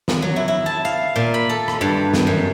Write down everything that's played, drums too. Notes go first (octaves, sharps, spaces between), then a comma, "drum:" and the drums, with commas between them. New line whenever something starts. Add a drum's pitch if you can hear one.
drum: snare
F#3
E4
E4
A5
F5
A#2
B5
A4
drum: rim click
G2
drum: snare
F#2